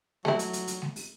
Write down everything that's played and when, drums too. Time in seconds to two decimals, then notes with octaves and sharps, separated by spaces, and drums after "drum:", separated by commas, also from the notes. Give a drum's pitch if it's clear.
0.25 F#3 A3 E4, drum: snare
0.39 drum: hi-hat
0.53 drum: hi-hat
0.68 drum: hi-hat
0.82 drum: snare
0.96 drum: open hi-hat